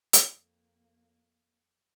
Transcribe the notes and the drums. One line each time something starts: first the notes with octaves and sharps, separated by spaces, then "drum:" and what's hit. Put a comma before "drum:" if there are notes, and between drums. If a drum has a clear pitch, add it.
F2 A#3, drum: hi-hat